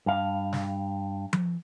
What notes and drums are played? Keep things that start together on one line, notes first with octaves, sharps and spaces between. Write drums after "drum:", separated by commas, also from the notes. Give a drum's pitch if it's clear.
G2 F5
drum: snare
drum: tom F3